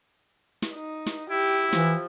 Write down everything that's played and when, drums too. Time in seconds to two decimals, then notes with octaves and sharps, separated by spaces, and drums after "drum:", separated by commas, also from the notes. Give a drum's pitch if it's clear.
0.62 drum: snare
0.74 D#4
1.06 drum: snare
1.30 E4 G4
1.73 E3 F3, drum: snare